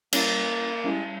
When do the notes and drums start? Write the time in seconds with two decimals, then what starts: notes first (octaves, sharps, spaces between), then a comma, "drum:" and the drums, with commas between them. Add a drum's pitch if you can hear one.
0.13 G3 A#3 C#4 E4, drum: cymbal
0.84 G3 G#3 C#4 E4